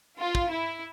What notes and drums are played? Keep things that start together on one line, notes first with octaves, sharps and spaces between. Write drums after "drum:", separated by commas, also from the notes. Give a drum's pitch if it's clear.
F4
drum: kick
E4